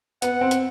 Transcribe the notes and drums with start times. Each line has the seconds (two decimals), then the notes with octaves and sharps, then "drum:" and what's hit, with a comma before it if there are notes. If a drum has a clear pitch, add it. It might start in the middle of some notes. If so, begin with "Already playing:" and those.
0.22 B3 F#5, drum: hi-hat
0.41 C4
0.51 drum: hi-hat